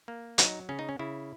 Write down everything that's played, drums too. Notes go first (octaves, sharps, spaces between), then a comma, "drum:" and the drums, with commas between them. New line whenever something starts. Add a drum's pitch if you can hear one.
A#3
F#3 D#4, drum: hi-hat
C#3 C#4
D#4
C#4
C#3 E4